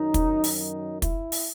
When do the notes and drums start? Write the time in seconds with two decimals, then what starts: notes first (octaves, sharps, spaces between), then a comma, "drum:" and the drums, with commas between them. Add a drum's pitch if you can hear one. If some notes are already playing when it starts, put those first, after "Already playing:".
Already playing: F#2 D#3 F#3 D#4
0.14 drum: kick, hi-hat
0.44 drum: open hi-hat
0.58 D#4
1.02 E4, drum: kick, hi-hat
1.32 drum: open hi-hat